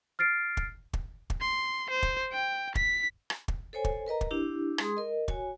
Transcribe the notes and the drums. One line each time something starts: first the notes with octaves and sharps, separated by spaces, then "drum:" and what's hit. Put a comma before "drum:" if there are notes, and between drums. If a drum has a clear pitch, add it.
F6 A6 C7 D7
drum: kick
drum: kick
drum: kick
C6
C5
drum: kick
G5
B6, drum: kick
drum: rim click
drum: kick
A4 C5 C#5 G#5
drum: kick
A#4 B4 D#5 A#5
drum: kick
D4 E4 G4
G#3 G#4 C6 D#6, drum: rim click
A#4 D#5
F#4 C#5 G#5, drum: kick